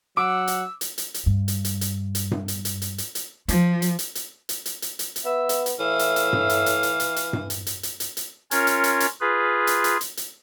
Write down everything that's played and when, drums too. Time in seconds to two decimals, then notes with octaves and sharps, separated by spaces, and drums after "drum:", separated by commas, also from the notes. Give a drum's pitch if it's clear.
0.17 F#3 F#5 D6 E6
0.47 drum: hi-hat
0.81 drum: hi-hat
0.98 drum: hi-hat
1.14 drum: hi-hat
1.26 G2
1.48 drum: hi-hat
1.65 drum: hi-hat
1.81 drum: hi-hat
2.15 drum: hi-hat
2.31 drum: tom G2
2.48 drum: hi-hat
2.65 drum: hi-hat
2.82 drum: hi-hat
2.98 drum: hi-hat
3.15 drum: hi-hat
3.48 F3 F4, drum: hi-hat
3.82 drum: hi-hat
3.99 drum: hi-hat
4.15 drum: hi-hat
4.49 drum: hi-hat
4.66 drum: hi-hat
4.82 drum: hi-hat
4.99 drum: hi-hat
5.16 drum: hi-hat
5.25 B3 E5
5.49 drum: hi-hat
5.66 drum: hi-hat
5.79 A2 E3 E5 F5
5.99 drum: hi-hat
6.16 drum: hi-hat
6.33 drum: tom G2
6.49 drum: hi-hat
6.66 drum: hi-hat
6.83 drum: hi-hat
7.00 drum: hi-hat
7.16 drum: hi-hat
7.33 drum: tom G2
7.50 drum: hi-hat
7.67 drum: hi-hat
7.83 drum: hi-hat
8.00 drum: hi-hat
8.17 drum: hi-hat
8.51 C#4 F4 A#4 C#5, drum: hi-hat
8.67 drum: hi-hat
8.84 drum: hi-hat
9.00 drum: hi-hat
9.21 F4 G#4 B4
9.67 drum: hi-hat
9.84 drum: hi-hat
10.01 drum: hi-hat
10.17 drum: hi-hat